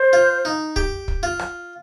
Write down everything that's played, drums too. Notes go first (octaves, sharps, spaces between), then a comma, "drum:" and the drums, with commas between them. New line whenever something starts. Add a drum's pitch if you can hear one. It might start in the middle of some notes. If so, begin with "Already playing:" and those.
Already playing: C5
F4
D#4
G4, drum: kick
drum: kick
F4
drum: rim click